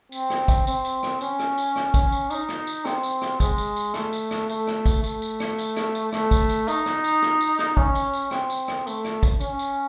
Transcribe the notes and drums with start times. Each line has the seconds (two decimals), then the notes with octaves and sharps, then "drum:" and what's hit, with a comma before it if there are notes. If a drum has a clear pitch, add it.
0.12 C4, drum: tambourine
0.30 drum: rim click
0.48 drum: kick, tambourine
0.67 C4, drum: tambourine
0.85 drum: tambourine
1.03 drum: rim click
1.21 C#4, drum: tambourine
1.39 drum: rim click
1.58 drum: tambourine
1.76 drum: rim click
1.94 drum: kick, tambourine
2.12 drum: tambourine
2.31 D#4, drum: tambourine
2.49 drum: rim click
2.67 drum: tambourine
2.85 C4, drum: rim click
3.03 drum: tambourine
3.22 drum: rim click
3.40 G#3, drum: kick, tambourine
3.58 drum: tambourine
3.76 drum: tambourine
3.94 A3, drum: rim click
4.13 drum: tambourine
4.31 drum: rim click
4.49 A3, drum: tambourine
4.67 drum: rim click
4.86 drum: kick, tambourine
5.04 A3, drum: tambourine
5.22 drum: tambourine
5.40 drum: rim click
5.58 drum: tambourine
5.77 drum: rim click
5.95 drum: tambourine
6.12 A3, drum: rim click
6.31 drum: kick, tambourine
6.49 drum: tambourine
6.68 D#4, drum: tambourine
6.86 drum: rim click
7.04 drum: tambourine
7.22 drum: rim click
7.41 drum: tambourine
7.59 drum: rim click
7.77 C#4, drum: kick
7.95 drum: tambourine
8.13 drum: tambourine
8.31 C4, drum: rim click
8.50 drum: tambourine
8.68 drum: rim click
8.87 A3, drum: tambourine
9.05 drum: rim click
9.23 drum: kick, tambourine
9.40 C#4, drum: tambourine
9.59 drum: tambourine